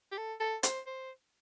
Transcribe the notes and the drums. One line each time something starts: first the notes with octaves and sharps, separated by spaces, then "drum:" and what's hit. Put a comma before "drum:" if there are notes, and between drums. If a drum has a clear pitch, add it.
G4
A4
A4
C5, drum: hi-hat
C5